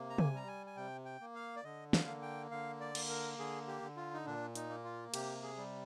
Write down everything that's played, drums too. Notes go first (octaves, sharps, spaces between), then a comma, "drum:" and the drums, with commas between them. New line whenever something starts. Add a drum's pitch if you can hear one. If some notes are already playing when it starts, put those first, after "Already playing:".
Already playing: C3 A#3
A#5
G#5, drum: tom
G3 A#5
G#5
G#5
C3 G5
G5
A#3
F5
D5
D3 D#5
F5, drum: snare
A#3
G5
D3 F5
D5
A#3, drum: cymbal
A#4
D3 G#4
G4
D3
F4
D#4
A#2 D4
D#4, drum: hi-hat
A#3
F4
C3 G4, drum: cymbal
G#4
G3